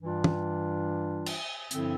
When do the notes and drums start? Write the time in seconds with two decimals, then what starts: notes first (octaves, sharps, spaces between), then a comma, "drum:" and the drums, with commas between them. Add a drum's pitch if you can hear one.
0.01 G2 E3 G3 D4 F4
0.24 drum: tom
1.26 drum: cymbal
1.71 G2 D3 F3 C4 E4, drum: hi-hat